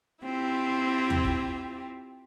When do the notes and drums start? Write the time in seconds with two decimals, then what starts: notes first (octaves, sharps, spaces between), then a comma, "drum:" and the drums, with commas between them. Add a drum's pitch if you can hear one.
0.23 C4 E4 F4 G4
1.10 drum: tom D#2
1.25 drum: kick